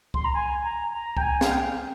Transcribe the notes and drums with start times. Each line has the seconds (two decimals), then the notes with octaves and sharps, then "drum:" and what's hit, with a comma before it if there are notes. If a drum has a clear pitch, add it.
0.14 C6, drum: kick C2
0.24 A#5
0.33 G#5
0.63 A#5
0.93 A#5
1.17 G5, drum: kick C2
1.21 G#5
1.41 F5, drum: snare
1.51 G5